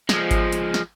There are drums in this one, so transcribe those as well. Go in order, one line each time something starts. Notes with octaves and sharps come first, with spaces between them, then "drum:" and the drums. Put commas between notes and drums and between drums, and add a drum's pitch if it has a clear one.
F3 G#3, drum: snare
drum: kick G#1, hi-hat
drum: hi-hat
drum: snare